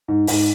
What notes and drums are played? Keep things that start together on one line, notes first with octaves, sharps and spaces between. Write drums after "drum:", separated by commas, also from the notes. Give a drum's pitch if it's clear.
G#2
G#2, drum: open hi-hat